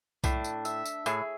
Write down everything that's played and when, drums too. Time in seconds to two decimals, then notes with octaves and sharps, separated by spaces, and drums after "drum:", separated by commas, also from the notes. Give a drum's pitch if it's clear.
0.24 A2 D4, drum: kick B1, tambourine
0.44 drum: tambourine
0.65 E5, drum: tambourine
0.86 drum: tambourine
1.06 A2 G#4, drum: tambourine